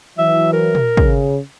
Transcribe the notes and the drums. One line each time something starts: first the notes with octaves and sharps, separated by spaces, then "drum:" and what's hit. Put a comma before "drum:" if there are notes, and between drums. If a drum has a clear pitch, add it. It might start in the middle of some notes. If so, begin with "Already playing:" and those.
E3 F#3 E5
A#4
drum: tom A#2
C#3, drum: kick